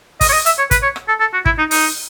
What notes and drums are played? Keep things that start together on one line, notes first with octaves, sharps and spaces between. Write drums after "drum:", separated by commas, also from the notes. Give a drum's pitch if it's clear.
D#5, drum: kick, open hi-hat
C#5
D#5
E5, drum: hi-hat
C#5
B4, drum: kick, hi-hat
C#5
drum: rim click
A4
A4
F#4
E4, drum: kick
D#4
D#4, drum: open hi-hat